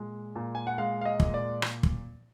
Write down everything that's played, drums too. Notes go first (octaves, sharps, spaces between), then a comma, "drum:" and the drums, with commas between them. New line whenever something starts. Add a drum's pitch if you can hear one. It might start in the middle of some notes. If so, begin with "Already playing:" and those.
Already playing: A#2 G#3
A#2
G#5
F#5
G#3 F5
F5
D#5
A#2, drum: kick
D5
drum: rim click
drum: kick